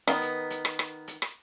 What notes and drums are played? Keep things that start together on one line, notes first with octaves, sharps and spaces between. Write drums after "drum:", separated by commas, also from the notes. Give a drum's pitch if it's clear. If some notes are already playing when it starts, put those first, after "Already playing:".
D#3 B3, drum: rim click
drum: hi-hat
drum: hi-hat
drum: rim click
drum: rim click
drum: hi-hat
drum: rim click